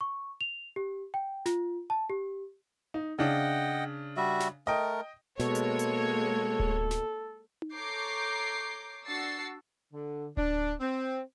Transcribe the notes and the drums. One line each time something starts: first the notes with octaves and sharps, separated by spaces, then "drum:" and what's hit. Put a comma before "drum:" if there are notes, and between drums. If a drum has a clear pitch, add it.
C#6
F7
G4
G5
F4, drum: snare
A5
G4
D#4
C#3 D4 D#5 F#5 G5
G3 F#4 E5
drum: snare
A3 A#4 D#5 G5
B2 G#3 A#3 A4 C#5, drum: snare
drum: hi-hat
drum: hi-hat
drum: kick D1
drum: snare
drum: tom D#4
A4 C#5 A#5 D6 G6 C7
D4 F#4 E6 A6 C7 C#7
D3
D4, drum: kick D1
C4